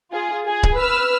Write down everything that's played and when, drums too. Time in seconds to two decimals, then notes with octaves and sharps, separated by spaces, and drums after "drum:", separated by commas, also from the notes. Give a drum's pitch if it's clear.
0.12 F4 G#4
0.44 G#4
0.63 drum: kick C#1
0.77 B4 E6 F6